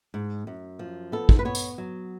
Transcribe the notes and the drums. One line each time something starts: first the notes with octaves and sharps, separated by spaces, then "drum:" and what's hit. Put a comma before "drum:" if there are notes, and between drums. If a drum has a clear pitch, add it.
G#2
F#2
F3
B3 A4
drum: kick
B4
B3 C#5
drum: tambourine
F#3